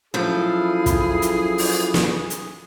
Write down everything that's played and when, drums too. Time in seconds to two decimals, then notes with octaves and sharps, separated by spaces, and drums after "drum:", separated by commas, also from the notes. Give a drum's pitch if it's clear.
0.14 F#2 F3 E4 G#4 A4
0.86 drum: kick, hi-hat
1.22 drum: hi-hat
1.58 drum: open hi-hat
1.94 drum: snare
2.30 drum: hi-hat